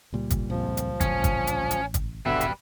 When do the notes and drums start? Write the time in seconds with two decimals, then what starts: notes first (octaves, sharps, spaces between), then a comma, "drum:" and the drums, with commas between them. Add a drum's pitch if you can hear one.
0.13 C#2 A#2 G3
0.30 drum: kick, hi-hat
0.50 A#1 F2 F3
0.77 drum: hi-hat
1.01 A1 C#4, drum: kick, hi-hat
1.24 drum: kick, hi-hat
1.47 drum: hi-hat
1.71 drum: hi-hat
1.94 drum: kick, hi-hat
2.26 D#1 G#1 B2 D3 G3 B4 E5
2.41 drum: hi-hat